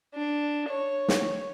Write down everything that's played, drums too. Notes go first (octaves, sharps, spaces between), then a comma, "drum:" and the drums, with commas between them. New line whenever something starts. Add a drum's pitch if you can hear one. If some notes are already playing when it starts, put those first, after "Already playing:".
D4
C#5
drum: snare